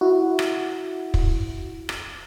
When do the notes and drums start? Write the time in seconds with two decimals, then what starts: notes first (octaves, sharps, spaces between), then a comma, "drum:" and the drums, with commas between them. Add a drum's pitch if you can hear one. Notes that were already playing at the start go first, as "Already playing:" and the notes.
0.01 E4 F#4
0.39 drum: rim click
1.14 drum: kick
1.89 drum: rim click